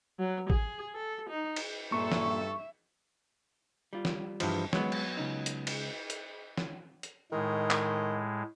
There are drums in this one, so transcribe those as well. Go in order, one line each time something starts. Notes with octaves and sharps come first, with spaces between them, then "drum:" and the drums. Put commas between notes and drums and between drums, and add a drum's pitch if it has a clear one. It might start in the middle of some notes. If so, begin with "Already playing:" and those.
F#3
G#4, drum: kick
A4
D#4
drum: cymbal
G2 A#2 A4 E5 C#6
drum: snare
G3 F4
drum: snare
G2 E3 F3, drum: cymbal
F#3 G#3 B3, drum: snare
drum: cymbal
C#2 C#3 D#4
drum: hi-hat
drum: cymbal
drum: hi-hat
drum: snare
drum: hi-hat
A2 D#3 G#3
drum: clap